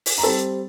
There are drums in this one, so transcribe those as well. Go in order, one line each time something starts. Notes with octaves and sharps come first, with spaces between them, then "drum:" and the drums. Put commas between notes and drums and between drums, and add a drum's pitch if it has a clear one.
drum: open hi-hat
A#5
G3 C4 A4 A5